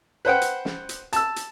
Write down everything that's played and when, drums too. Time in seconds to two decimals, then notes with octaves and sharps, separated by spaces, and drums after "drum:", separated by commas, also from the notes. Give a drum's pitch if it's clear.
0.25 B4 C5 F#5 G5
0.41 drum: hi-hat
0.65 drum: snare
0.89 drum: hi-hat
1.13 A5 E6, drum: hi-hat
1.36 drum: hi-hat